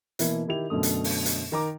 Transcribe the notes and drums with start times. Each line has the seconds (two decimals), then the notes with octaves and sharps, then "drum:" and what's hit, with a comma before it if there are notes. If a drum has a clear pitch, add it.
0.19 B2 E3 A#3 E4, drum: hi-hat
0.48 D#3 E4 G4 F7
0.70 F#2 B2 D3 A3 D#6
0.83 drum: hi-hat
1.04 drum: open hi-hat
1.26 drum: hi-hat
1.52 D#3 A#5 D6